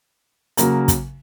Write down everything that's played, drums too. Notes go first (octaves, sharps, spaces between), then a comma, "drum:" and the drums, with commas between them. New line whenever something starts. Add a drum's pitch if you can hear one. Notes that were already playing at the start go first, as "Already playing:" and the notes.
C#3 F#3 A#3, drum: hi-hat
drum: kick, hi-hat